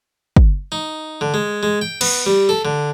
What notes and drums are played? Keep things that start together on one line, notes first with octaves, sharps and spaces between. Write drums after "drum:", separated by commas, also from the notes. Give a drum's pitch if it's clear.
drum: kick
D#4
D3
G#3
G#3
G5
B3, drum: cymbal
G3
A4
D3